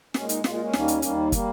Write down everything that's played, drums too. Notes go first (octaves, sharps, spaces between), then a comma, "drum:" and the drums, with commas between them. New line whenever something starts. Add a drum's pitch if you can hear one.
A#2 G#3 C#4, drum: snare
D#4, drum: hi-hat
A#2 G#3 F4, drum: snare
F4
C#4
D#2 D#3 G3 A#3, drum: snare
drum: hi-hat
D#2 D#3 G3 A#3, drum: hi-hat
G3 A#3, drum: kick, hi-hat